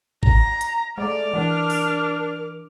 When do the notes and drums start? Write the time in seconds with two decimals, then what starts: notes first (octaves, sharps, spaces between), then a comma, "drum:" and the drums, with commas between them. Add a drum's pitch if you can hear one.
0.23 A#5, drum: kick G#1
0.61 drum: hi-hat
0.98 G#3 A3 D5 D6 F6
1.34 E3 D4 A#4
1.70 drum: open hi-hat